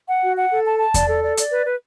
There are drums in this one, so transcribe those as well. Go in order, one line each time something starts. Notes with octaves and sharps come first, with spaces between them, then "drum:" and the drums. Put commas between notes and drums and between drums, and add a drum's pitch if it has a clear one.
F#5
F#4
F#5
A4
A5
A5
D5, drum: kick E2, hi-hat
A4
D5
D5, drum: hi-hat
B4
B4